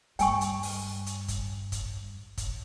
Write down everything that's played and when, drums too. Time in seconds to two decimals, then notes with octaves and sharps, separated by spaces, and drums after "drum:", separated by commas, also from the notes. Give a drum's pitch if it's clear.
0.19 G2 G3 G5 G#5 C#6, drum: hi-hat
0.41 drum: hi-hat
0.63 drum: open hi-hat
1.06 drum: hi-hat
1.28 drum: kick, hi-hat
1.72 drum: kick, hi-hat
2.37 drum: kick, hi-hat